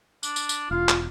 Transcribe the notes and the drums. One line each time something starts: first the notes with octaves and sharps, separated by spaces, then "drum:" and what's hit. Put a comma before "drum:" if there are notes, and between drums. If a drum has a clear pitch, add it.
D4, drum: tambourine
drum: tambourine
drum: tambourine
E1 F4 F5
drum: clap